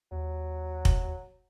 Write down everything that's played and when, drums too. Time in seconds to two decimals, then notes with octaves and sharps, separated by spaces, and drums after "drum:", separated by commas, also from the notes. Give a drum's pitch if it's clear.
0.11 D#2 F#3
0.85 drum: kick